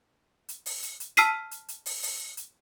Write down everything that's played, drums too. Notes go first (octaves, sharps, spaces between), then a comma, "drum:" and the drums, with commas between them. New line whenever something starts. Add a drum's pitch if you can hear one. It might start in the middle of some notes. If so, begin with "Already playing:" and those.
drum: hi-hat
drum: open hi-hat
drum: hi-hat
drum: hi-hat
A5 E6 F6 B6 C7 D#7, drum: hi-hat
drum: hi-hat
drum: hi-hat
drum: open hi-hat
drum: open hi-hat
drum: hi-hat